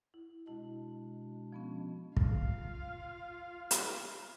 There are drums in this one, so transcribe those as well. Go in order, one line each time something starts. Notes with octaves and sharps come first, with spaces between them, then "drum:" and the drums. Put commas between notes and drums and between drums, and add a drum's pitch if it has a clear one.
E4
B2 G#3 D4 E4
F3 B3 C#4
F4 F5, drum: kick
drum: hi-hat